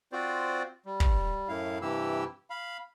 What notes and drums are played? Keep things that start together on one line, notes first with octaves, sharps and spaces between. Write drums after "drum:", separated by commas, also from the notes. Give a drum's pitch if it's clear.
C4 F4 F#4 C5 D5
G3
drum: kick
F#2 A2 E4 F5
G2 C3 E3 E4 G4 E6
F5 B5